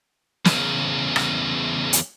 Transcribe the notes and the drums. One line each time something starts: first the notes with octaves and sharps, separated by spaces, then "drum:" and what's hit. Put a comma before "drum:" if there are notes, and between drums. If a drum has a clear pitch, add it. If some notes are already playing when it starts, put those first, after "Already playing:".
E2 C#3, drum: snare
drum: rim click
drum: hi-hat